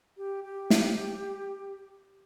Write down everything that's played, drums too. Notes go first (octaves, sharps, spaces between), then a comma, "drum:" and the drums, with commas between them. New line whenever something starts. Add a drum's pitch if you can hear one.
G4
G4
drum: snare